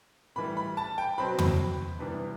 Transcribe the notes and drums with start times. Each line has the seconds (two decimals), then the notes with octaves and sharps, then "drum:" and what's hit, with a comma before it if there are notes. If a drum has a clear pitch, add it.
0.36 A2 E3 G3 B5
0.57 B5
0.77 A5
0.98 G5
1.18 B2 F#3 C4 B5
1.39 drum: tom
1.99 C3 E3 G3 B3 D4